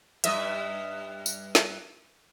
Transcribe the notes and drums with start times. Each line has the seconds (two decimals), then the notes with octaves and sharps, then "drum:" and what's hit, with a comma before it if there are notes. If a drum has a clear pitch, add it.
0.24 G2 D#5 E5, drum: hi-hat
1.26 drum: tambourine
1.55 drum: snare